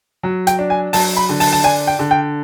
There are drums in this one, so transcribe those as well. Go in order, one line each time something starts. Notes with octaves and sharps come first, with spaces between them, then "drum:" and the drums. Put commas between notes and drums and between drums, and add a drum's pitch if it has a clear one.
F#3
G5, drum: hi-hat
D4
G#5
F#3 A5, drum: open hi-hat
B5
D3
A5, drum: open hi-hat
A5
D4 G#5
G5
D3
G5